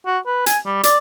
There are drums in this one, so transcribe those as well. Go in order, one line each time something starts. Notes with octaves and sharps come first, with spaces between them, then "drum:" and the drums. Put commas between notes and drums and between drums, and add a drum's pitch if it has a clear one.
F#4
B4
G#5, drum: hi-hat
G3
D5, drum: hi-hat